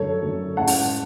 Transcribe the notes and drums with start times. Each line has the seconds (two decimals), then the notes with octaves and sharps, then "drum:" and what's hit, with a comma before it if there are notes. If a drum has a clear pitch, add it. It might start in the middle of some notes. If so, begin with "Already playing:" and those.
Already playing: F#2 D3 A3 A4 C#5
0.22 F#2 D3 A3
0.57 A2 G#3 C#4 E4 F#5 A5
0.68 drum: open hi-hat